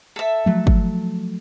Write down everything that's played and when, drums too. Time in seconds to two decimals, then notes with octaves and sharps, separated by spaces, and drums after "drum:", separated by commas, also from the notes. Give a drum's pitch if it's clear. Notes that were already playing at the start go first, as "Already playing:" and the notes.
0.16 A4 E5
0.46 F3 F#3 A3
0.67 drum: kick